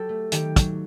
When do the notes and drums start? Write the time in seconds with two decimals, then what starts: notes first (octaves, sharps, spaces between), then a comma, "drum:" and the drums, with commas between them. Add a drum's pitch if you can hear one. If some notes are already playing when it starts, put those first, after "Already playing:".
Already playing: F#3 G4 A4
0.09 A3
0.32 D#3 G4, drum: hi-hat
0.56 F#3, drum: kick, hi-hat